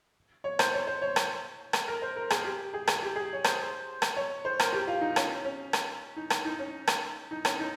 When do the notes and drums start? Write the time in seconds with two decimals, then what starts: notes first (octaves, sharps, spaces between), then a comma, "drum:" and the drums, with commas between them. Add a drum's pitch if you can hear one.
0.44 C#5
0.59 C5, drum: rim click
0.74 C#5
0.87 C5
1.02 C#5
1.16 drum: rim click
1.73 drum: rim click
1.88 A#4
2.02 C5
2.16 A#4
2.30 G#4, drum: rim click
2.44 G4
2.73 G#4
2.87 G#4, drum: rim click
3.02 G4
3.16 G#4
3.33 C#5
3.44 C5, drum: rim click
4.02 drum: rim click
4.17 C#5
4.45 C5
4.60 A#4, drum: rim click
4.73 G4
4.88 F4
5.01 D#4
5.16 C#4, drum: rim click
5.45 C#4
5.73 drum: rim click
6.16 D#4
6.30 drum: rim click
6.45 D#4
6.59 C#4
6.87 drum: rim click
7.31 D#4
7.45 C#4, drum: rim click
7.59 D#4